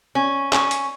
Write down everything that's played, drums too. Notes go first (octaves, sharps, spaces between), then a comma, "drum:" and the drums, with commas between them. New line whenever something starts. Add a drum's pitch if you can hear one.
C#4
C#4, drum: clap
drum: hi-hat